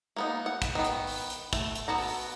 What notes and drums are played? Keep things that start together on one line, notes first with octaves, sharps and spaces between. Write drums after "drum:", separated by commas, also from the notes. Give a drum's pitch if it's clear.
A#3 B3 D#4
F#5
drum: kick, hi-hat
D#3 B3
drum: hi-hat
drum: open hi-hat
drum: hi-hat
A3, drum: kick, hi-hat
drum: hi-hat
B3 F#4 A5 A#5
drum: open hi-hat